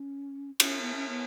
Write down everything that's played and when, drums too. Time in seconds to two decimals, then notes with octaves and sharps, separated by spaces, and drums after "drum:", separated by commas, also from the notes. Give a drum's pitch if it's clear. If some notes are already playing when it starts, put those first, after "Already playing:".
Already playing: C#4
0.60 C#4, drum: cymbal
0.81 B3
0.95 C#4
1.09 B3